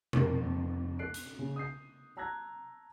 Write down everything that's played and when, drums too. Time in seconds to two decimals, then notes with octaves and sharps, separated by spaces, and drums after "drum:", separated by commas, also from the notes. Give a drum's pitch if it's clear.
0.13 F2 A#4, drum: tom B2
0.42 F2
0.99 A4 F#6 C7 D7
1.14 drum: hi-hat
1.39 C#3
1.56 D#6 G6 C7
2.17 A5 A#5 E6 F#6 G#6 A#6